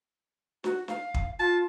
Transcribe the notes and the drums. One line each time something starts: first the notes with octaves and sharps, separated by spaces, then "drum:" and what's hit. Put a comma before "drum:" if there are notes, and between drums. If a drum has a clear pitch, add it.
F#4, drum: snare
F5, drum: snare
drum: kick
F4 A5